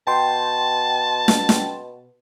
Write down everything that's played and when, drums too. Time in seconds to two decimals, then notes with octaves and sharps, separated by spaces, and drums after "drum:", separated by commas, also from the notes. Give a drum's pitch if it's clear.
0.07 B2 G5 A5 C6
1.28 drum: snare
1.49 drum: snare